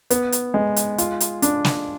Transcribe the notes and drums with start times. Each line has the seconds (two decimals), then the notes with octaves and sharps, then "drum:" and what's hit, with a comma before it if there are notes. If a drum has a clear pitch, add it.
0.10 B3, drum: hi-hat
0.32 drum: hi-hat
0.54 G#3
0.76 drum: hi-hat
0.98 F4, drum: hi-hat
1.20 drum: hi-hat
1.42 D4, drum: hi-hat
1.65 drum: snare